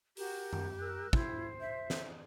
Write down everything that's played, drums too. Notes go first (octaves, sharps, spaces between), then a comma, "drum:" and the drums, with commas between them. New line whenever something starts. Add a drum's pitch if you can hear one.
F#4 G4 A#4 A#5, drum: open hi-hat
drum: tom F#2
A#4 E6 F#6
E4 C5, drum: kick
E5
drum: snare